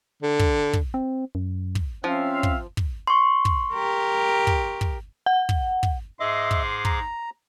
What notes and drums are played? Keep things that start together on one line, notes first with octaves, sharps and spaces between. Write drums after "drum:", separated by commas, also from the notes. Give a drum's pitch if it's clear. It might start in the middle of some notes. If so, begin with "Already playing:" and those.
D3
drum: kick
drum: kick
C4
F#2
drum: kick
F3 C4 C#4 E5 F5
drum: kick
drum: kick
C6 C#6
drum: kick
G4 A#4
drum: kick
drum: kick
F#5
drum: kick
drum: kick
G#2 G#4 D#5 E5 C6 D6
drum: kick
A#5, drum: kick